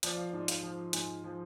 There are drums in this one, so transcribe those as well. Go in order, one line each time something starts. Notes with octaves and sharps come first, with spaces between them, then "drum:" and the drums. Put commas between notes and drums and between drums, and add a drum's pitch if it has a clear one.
F3 D5, drum: hi-hat
F5
G#2 D5
F5, drum: hi-hat
F3
G#2 G#5, drum: hi-hat
F3